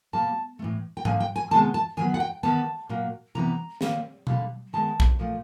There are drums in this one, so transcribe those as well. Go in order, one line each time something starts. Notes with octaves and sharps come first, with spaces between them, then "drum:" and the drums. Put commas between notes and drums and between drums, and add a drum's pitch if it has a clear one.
B2 G3 A#3 A5
A3
A2 E3
G5
D3 F3 A#3 G#5, drum: tom G#2
G5
G#5
C3 D#3 G#3 B3 A5
A5
D#3 F#3 B3 G#5
F#5
G5
D#3 G3 B3 A5
A#2 F#3 A#3
C3 E3 G3 B3 A#5
D#3 G3 A#3, drum: snare
D3 G3 A#3, drum: tom B2
D#3 G#3 B3 A5
drum: kick B1
A#2 F3 A3